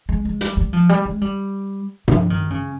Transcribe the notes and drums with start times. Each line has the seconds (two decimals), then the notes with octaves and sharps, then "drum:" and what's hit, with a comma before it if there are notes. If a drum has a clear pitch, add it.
0.09 G#3
0.25 G#3
0.41 G3, drum: hi-hat
0.57 G3
0.73 F3
0.89 G3
1.06 G#3
1.21 G3
2.08 F3, drum: tom G2
2.30 D#3
2.50 C#3